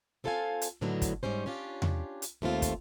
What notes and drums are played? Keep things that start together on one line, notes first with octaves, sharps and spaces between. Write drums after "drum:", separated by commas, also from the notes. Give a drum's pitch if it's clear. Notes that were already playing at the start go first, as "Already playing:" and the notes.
C4 F4 A4 A#4 F5 G#5
drum: hi-hat
A2 D3 D#3 F#3 B3 D4
drum: kick, hi-hat
G#2 G3 C#4 C5
C#4 D4 F4 G4
drum: tom E2
drum: hi-hat
D#2 A3 C4 F4
drum: kick, hi-hat